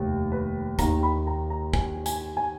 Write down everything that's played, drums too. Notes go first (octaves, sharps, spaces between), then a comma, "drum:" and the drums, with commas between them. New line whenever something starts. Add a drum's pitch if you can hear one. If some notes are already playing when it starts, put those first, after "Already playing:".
Already playing: F1 D#2
B4
D#2 D#3 A#3 A#5, drum: kick, hi-hat
B5
A#5
A#5
G#5, drum: kick
G#5, drum: hi-hat
G#5